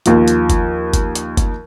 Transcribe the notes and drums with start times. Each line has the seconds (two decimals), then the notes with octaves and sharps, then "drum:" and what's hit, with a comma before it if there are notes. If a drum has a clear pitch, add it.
0.06 D#2 F3, drum: hi-hat
0.28 drum: hi-hat
0.50 drum: kick G1, hi-hat
0.93 drum: kick G1, hi-hat
1.15 drum: hi-hat
1.37 drum: kick G1, hi-hat